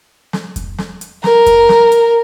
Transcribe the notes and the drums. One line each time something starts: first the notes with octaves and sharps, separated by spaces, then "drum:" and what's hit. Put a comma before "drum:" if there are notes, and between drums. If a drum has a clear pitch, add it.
drum: snare
drum: kick F2, hi-hat
drum: snare
drum: hi-hat
A#4, drum: snare
drum: kick F2, hi-hat
drum: snare
drum: hi-hat